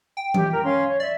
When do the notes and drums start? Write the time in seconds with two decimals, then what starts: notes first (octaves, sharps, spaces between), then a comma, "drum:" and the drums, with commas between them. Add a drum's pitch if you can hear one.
0.17 G5
0.34 G4, drum: tom D#3
0.51 A#4
0.64 C#4 F5 C6
0.87 C#5
1.00 D5 E5